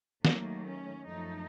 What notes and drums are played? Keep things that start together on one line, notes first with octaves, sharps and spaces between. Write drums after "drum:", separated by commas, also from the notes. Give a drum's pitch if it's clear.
D#2 D#3 F#3 A3 A#3, drum: snare
C#4
F#2 F3 A3 D#4